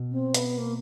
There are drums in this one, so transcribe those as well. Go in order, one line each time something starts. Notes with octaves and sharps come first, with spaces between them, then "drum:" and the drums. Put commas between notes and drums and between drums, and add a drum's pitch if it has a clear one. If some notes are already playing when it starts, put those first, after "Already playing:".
Already playing: B2
C4
B3, drum: hi-hat
A#3